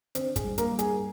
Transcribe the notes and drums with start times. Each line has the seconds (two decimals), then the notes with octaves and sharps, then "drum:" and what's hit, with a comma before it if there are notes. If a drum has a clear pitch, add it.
0.15 D3 C4 C5, drum: hi-hat
0.36 G#4, drum: kick, hi-hat
0.44 G2
0.58 A#3 A#4, drum: hi-hat
0.72 G2
0.79 G#4, drum: hi-hat